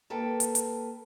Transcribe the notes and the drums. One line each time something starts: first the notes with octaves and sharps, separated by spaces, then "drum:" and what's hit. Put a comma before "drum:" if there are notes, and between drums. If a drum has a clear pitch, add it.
A#3 A4 B4 G5
drum: hi-hat
drum: hi-hat